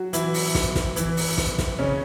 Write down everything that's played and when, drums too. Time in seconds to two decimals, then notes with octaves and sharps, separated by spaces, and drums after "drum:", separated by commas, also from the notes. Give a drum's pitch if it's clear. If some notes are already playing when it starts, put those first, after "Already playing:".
Already playing: F#3 F#4
0.13 E3 E4, drum: hi-hat
0.34 drum: open hi-hat
0.55 drum: snare
0.75 drum: snare
0.96 E3 E4, drum: hi-hat
1.17 drum: open hi-hat
1.38 drum: snare
1.58 drum: snare
1.79 C#3 C#4